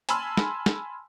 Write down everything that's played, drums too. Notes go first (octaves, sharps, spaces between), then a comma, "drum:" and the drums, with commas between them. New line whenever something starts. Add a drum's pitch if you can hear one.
G#5 A5 B5 C6 E6 F6, drum: hi-hat
drum: snare
drum: snare